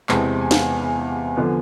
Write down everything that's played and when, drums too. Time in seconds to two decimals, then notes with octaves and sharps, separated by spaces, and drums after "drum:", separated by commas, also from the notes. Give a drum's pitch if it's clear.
0.09 E2 C3 E3 G#3 C4 A5, drum: clap
0.41 G#5
0.51 F5, drum: snare
0.60 G#5
1.37 D3 F3 B3